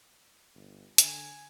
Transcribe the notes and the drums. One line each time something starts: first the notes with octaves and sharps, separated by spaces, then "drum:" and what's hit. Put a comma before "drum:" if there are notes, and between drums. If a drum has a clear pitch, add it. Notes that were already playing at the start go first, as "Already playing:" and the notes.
G1
D3 G#5, drum: hi-hat